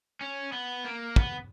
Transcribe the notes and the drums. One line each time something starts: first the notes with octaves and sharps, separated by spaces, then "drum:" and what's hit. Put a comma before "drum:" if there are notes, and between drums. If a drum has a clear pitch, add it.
C#4
B3
A#3
B3, drum: kick